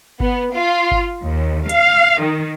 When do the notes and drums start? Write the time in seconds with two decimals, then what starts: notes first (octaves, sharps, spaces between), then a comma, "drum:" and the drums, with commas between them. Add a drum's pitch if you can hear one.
0.20 B3, drum: kick G1
0.54 F4
0.91 drum: kick G1
1.23 D#2
1.69 F5, drum: hi-hat
2.21 D#3